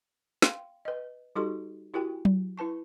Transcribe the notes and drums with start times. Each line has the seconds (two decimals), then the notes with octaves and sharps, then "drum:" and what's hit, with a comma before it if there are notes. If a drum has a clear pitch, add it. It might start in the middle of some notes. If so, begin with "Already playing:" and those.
0.42 F5 G5 C6, drum: snare
0.85 B4 D#5
1.36 G3 D#4 F#4 G4 A4 C6
1.94 E4 F#4 G4 A#4 G5 G#5
2.25 drum: tom F#3
2.58 E4 B4 A5 C#6